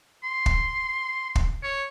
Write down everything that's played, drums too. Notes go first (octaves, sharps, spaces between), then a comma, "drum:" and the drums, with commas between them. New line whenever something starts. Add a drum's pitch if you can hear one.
C6
drum: kick
drum: kick
C#5